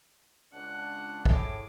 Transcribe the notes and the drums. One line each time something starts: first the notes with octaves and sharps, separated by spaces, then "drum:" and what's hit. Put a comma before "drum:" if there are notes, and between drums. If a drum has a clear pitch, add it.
C#2 D4 F#5
A2 G#4 D6, drum: kick